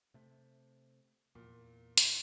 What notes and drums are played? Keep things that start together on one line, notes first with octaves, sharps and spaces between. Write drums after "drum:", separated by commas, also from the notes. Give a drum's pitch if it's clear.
C3 A3
E2 A#2
drum: hi-hat